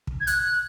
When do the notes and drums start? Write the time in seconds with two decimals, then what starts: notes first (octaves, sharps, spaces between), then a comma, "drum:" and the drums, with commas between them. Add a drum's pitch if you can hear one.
0.07 drum: kick
0.20 G#6
0.27 F#6, drum: hi-hat
0.43 F#6